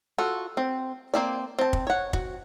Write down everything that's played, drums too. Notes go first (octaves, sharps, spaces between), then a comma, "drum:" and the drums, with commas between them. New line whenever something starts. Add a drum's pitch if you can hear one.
F4 F#4 A4
C4
A#3 C4 D5
C4 A5
drum: kick
C#5 F#5
F#4, drum: kick